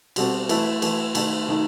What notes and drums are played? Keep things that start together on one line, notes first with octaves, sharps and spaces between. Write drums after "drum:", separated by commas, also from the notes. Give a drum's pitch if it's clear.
B2 G3 C4 F#4 A4, drum: cymbal
E3 A3 E4 B4, drum: cymbal
E3 A3 E4 B4, drum: cymbal
D#3 A3 D#4 A4, drum: cymbal
D#3 A3 D#4 A4